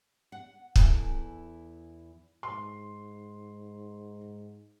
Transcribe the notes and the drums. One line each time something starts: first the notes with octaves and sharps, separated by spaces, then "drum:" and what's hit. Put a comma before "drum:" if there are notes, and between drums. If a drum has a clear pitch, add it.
F#5
E2 E4 A4 G#5, drum: kick
G#2 C6